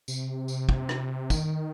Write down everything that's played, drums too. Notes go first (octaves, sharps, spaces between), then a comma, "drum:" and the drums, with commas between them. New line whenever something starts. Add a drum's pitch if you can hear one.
C3, drum: tambourine
drum: tambourine
drum: kick
drum: rim click
D#3, drum: kick, tambourine